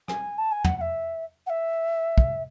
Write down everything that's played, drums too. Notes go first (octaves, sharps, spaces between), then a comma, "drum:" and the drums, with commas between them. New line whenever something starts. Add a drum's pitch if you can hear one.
G#5, drum: rim click
A5
G#5
F#5, drum: tom
F#5
E5
F#5
E5
drum: kick